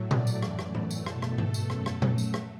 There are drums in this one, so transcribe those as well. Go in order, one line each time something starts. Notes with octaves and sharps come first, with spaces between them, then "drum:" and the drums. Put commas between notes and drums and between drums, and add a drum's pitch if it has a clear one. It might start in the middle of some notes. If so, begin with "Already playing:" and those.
Already playing: A2 F#3 A3
D5, drum: tom A#2
drum: tambourine
F#2 E3 A3, drum: rim click
drum: rim click
drum: tom A2
drum: tambourine
B2 A3 A4, drum: rim click
drum: rim click
drum: tom
drum: tambourine
F#2 F#3 A3, drum: rim click
drum: rim click
drum: tom A#2
drum: tambourine
drum: rim click